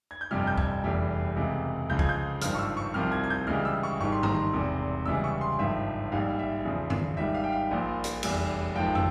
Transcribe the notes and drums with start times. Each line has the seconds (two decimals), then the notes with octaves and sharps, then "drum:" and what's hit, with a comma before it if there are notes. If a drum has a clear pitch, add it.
0.11 G#6
0.21 G6
0.31 G1 F2 C3 G3 F6
0.47 G6
0.57 G#6, drum: kick C#2
0.84 F1 E2 E3 G3
1.36 C#2 C3 E3
1.89 C#2 C#3 F3 G6
1.99 G#6, drum: kick C#2
2.09 G6
2.41 G#1 G2 F3 F6, drum: hi-hat
2.55 C#6
2.59 E6
2.77 C#6
2.94 C2 C3 F3 F6
3.12 G#6
3.24 G#6
3.30 G6
3.47 C#2 C#3 E3 G3 F6
3.65 E6
3.83 C#6
4.00 G#1 G#2 G3 C#6
4.12 C6
4.23 A#5, drum: tom G2
4.34 C6
4.53 E1 E2 C3
5.06 C#2 C#3 E3 G3 E6
5.24 C#6
5.41 C6
5.59 G#1 G2 F3 E5
6.12 A#1 G#2 G3 F5
6.39 E5
6.65 E2 C#3 F3
6.90 drum: tom G2
7.17 G#1 G#2 G3 E5
7.35 F5
7.44 G5
7.52 F5
7.71 A#1 A#2 F3
8.04 drum: hi-hat
8.23 F1 E2 E3 G3, drum: cymbal
8.75 G#1 G#2 F3 G5
8.95 E6, drum: tom